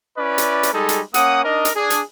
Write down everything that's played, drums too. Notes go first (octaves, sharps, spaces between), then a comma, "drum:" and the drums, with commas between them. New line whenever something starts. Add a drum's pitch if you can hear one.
C#4 E4 B4 D5
drum: hi-hat
drum: hi-hat
G3 G#3 D#4 G#4 A4
drum: hi-hat
A#3 C#4 F#5 D#6, drum: hi-hat
D4 D#4 A#4 D#5
drum: hi-hat
D4 G#4
drum: hi-hat